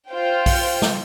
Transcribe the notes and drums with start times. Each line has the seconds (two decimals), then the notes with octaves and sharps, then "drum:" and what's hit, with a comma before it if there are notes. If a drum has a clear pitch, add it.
0.10 F4 C5 G5
0.46 drum: kick A#1, open hi-hat
0.82 drum: snare